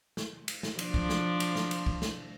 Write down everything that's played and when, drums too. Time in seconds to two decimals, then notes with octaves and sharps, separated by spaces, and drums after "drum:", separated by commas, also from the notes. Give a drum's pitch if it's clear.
0.17 drum: snare
0.48 drum: cymbal
0.63 drum: snare
0.79 F3 D4, drum: cymbal
0.94 drum: kick
1.09 drum: snare
1.40 drum: cymbal
1.56 drum: snare
1.71 drum: cymbal
1.86 drum: kick
2.02 drum: snare